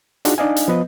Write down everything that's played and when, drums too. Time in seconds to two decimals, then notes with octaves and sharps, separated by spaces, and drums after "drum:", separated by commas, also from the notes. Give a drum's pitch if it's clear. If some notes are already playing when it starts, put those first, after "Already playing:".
0.25 D4 D#4 F4 F#4 G#4, drum: hi-hat
0.38 D4 D#4 D5 D#5 F5 G#5
0.56 drum: hi-hat
0.68 F3 B3 B4 D#5